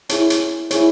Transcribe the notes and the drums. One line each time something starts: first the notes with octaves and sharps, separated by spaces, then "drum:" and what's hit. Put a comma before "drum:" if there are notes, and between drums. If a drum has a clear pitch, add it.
E4 G#4 C#5 A5, drum: hi-hat
drum: hi-hat
E4 G#4 C#5, drum: hi-hat